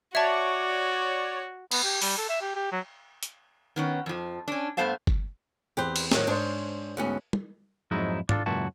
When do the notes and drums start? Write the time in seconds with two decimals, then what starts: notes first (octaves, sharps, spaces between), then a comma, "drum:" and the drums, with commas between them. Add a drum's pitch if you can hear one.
0.15 F#4 C#5 D5 E5 A5
1.71 B3, drum: cymbal
1.84 G4
2.02 G3, drum: open hi-hat
2.18 A4
2.29 E5
2.41 G4
2.55 G4
2.72 F#3
3.23 drum: hi-hat
3.76 D#3 B3 C#4
4.06 F2 F3
4.48 C#4 D4
4.77 G2 A3 B3 C5 F5 A5
5.07 drum: kick G1
5.77 E2 C4 G4 B4 C5
5.96 drum: cymbal
6.12 A2 D#3 F#3 A#4, drum: snare
6.27 G#2 D4 C5 C#5 D#6
6.97 D2 G#2 B3 C#4
7.33 drum: tom
7.91 F2 G#2 F#3 G#3 D#4 E4
8.29 D4 F4 F#4 A4, drum: tom G#2
8.46 C#2 F#2 A#2 E4 F#4 A5